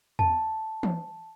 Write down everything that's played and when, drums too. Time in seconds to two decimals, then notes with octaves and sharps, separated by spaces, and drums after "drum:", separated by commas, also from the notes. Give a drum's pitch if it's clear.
0.19 A5, drum: tom E2
0.83 drum: tom E3